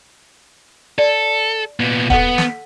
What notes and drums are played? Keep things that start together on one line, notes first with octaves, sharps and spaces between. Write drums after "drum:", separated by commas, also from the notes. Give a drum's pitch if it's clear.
A4 D5
A#2 B3
B3 A4 F#5, drum: kick
drum: snare